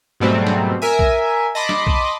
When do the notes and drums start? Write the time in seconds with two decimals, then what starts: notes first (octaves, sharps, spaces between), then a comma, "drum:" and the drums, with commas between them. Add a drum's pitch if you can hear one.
0.20 G#2 B2 F#3 G3 A3 C4
0.47 drum: snare
0.82 A#4 E5 G#5
0.99 drum: kick B1
1.55 D#5 A5 B5 C6 D6
1.69 drum: snare
1.87 drum: kick B1